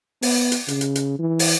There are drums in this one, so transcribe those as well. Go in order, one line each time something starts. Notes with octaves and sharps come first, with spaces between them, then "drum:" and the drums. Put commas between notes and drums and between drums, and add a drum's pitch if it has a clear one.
B3, drum: open hi-hat
drum: hi-hat
C#3, drum: hi-hat
drum: hi-hat
drum: hi-hat
E3
drum: open hi-hat